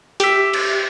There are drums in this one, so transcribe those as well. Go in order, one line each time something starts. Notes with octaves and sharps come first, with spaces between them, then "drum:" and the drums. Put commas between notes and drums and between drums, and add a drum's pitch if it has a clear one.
G4 E5, drum: hi-hat
drum: cymbal